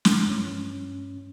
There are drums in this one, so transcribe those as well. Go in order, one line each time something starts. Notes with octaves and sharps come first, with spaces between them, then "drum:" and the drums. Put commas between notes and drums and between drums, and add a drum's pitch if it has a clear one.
drum: snare
G2 C#4